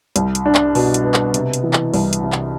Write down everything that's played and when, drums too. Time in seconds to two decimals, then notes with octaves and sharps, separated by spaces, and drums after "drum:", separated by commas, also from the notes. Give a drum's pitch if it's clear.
0.16 C2, drum: hi-hat
0.35 drum: hi-hat
0.46 D4
0.55 drum: clap
0.75 B2, drum: open hi-hat
0.94 drum: hi-hat
1.04 B3
1.14 drum: clap
1.34 C3, drum: hi-hat
1.53 drum: hi-hat
1.63 E3
1.73 drum: clap
1.94 C2, drum: open hi-hat
2.13 drum: hi-hat
2.23 C3
2.32 drum: clap